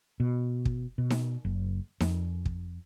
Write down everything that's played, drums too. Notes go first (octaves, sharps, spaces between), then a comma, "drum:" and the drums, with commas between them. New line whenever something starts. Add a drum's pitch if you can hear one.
B2
drum: kick
B2
drum: snare D#4
F#1
F2, drum: snare D#4
drum: kick